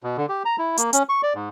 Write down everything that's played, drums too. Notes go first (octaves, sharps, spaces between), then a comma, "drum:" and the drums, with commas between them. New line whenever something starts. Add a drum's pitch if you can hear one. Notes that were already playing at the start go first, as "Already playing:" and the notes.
B2
D3
G4
A#5
E4
A#3, drum: hi-hat
C#4, drum: hi-hat
C#6
D5
G#2